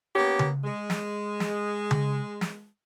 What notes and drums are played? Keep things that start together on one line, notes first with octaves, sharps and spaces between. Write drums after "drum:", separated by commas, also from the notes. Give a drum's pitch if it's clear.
A#3 B3 C#4 G4
drum: tom C#3
G#3
drum: snare
drum: snare
drum: tom C#3
drum: snare